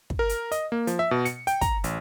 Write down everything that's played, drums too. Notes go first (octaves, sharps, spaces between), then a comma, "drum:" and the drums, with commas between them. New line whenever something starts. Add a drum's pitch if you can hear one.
drum: kick
A#4
drum: hi-hat
D#5, drum: hi-hat
A#3
F3, drum: hi-hat
E5
B2
C#7, drum: hi-hat
G5, drum: hi-hat
A#5, drum: kick, hi-hat
A1, drum: hi-hat